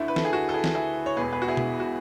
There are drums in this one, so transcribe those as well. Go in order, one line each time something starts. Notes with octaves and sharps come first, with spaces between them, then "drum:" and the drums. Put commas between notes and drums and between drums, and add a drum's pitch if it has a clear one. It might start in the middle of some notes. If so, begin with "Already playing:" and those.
Already playing: D2 D3 A3 E4
B4
A4, drum: snare
G#4
F#4
A4
E4 G#4
drum: snare
E4 G#4
C#5
E1 E2 B2 G#4 B4
G#4 B4
F#4
E4 G#4
drum: tom B2
F#4